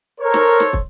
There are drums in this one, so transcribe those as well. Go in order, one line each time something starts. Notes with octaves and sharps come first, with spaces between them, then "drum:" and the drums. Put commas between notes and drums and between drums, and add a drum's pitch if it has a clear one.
A4 A#4 C5 C#5
drum: snare
drum: snare
drum: kick